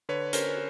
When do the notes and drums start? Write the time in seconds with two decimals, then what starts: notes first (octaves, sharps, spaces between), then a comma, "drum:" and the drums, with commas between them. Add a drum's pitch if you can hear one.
0.09 D3 B4 C#5
0.33 C#4 A#4 C5, drum: hi-hat